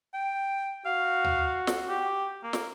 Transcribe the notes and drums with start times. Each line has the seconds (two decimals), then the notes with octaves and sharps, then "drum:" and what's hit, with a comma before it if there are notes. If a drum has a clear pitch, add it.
0.14 G5
0.86 F#4 F5
1.24 drum: tom
1.67 drum: snare
1.89 G4
2.43 A#3
2.53 drum: snare